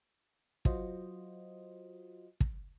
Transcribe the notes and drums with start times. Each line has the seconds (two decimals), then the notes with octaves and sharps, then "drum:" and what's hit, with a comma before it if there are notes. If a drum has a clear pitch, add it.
0.65 F#3 F4 F#4 C5 D#5, drum: kick
2.40 drum: kick